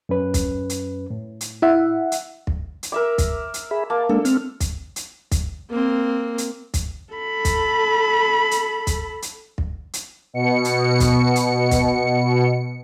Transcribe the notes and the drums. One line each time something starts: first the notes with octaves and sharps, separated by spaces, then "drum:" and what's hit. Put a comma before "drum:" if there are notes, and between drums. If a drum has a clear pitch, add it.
F#2 C#4 B4
drum: kick, hi-hat
drum: hi-hat
A2
drum: hi-hat
E4 E5 F#5
drum: hi-hat
drum: kick
drum: hi-hat
A#4 E5 D6
drum: kick, hi-hat
drum: hi-hat
G#4 E5 B5
A#3 A5
G#3 A#3 D4 A4
C4 F6, drum: hi-hat
drum: kick, hi-hat
drum: hi-hat
drum: kick, hi-hat
A#3 C4
drum: hi-hat
drum: kick, hi-hat
A4 B5
drum: kick, hi-hat
drum: hi-hat
drum: kick, hi-hat
drum: hi-hat
drum: kick
drum: hi-hat
B2 C#7
drum: hi-hat
drum: kick, hi-hat
drum: hi-hat
drum: kick, hi-hat